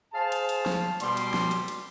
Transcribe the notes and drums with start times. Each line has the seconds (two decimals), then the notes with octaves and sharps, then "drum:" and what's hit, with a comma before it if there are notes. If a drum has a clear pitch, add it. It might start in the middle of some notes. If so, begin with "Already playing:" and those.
0.13 G#4 C5 F5 A5
0.32 drum: hi-hat
0.49 drum: hi-hat
0.66 drum: snare
1.00 B2 G3 C6, drum: hi-hat
1.17 drum: hi-hat
1.34 drum: snare
1.51 drum: hi-hat
1.68 drum: hi-hat